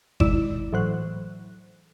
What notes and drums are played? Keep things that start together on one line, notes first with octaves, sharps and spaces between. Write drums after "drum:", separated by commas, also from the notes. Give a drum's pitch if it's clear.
D#3 G#3 E4 D5 E7, drum: kick G1
A2 E3 F#3 C5 F#6